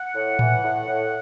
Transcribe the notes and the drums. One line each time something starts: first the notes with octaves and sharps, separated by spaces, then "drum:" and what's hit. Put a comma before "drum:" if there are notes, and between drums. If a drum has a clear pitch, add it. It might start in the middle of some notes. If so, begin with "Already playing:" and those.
Already playing: F#5
A2
E3, drum: tom A2
A2
A2